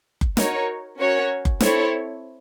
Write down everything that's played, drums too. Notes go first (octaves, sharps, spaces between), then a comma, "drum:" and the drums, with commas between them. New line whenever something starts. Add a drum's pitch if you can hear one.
drum: kick F#1
D#4 F#4 A#4 C#5, drum: snare
C#4 F#4 A#4 C#5
drum: kick F#1
C4 E4 A4 C#5, drum: snare